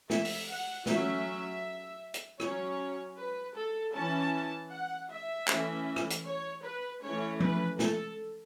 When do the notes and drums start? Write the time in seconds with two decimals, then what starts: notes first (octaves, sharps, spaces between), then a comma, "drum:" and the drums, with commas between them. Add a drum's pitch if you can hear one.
0.10 E5, drum: snare
0.25 drum: open hi-hat
0.48 F#5
0.86 F#3 A3 C#4 E5, drum: snare
2.14 drum: hi-hat
2.40 F#3 C#4 C#5, drum: rim click
3.17 B4
3.55 A4
3.94 E3 C#4 A5
4.71 F#5
5.09 E5
5.48 E3 A3 C#4, drum: clap
5.96 drum: rim click
6.10 drum: hi-hat
6.25 C#5
6.64 B4
7.02 E3 A3 C#4 C#5
7.40 B4, drum: tom F3
7.79 A4, drum: snare